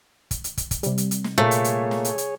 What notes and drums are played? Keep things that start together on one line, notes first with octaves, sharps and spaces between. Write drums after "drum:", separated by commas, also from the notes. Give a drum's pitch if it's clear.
drum: kick, hi-hat
drum: hi-hat
drum: kick, hi-hat
drum: kick, hi-hat
C3 G3, drum: hi-hat
drum: hi-hat
drum: hi-hat
drum: snare
A#2 A3 G#4 C#5
drum: hi-hat
drum: hi-hat
drum: snare
drum: hi-hat
drum: hi-hat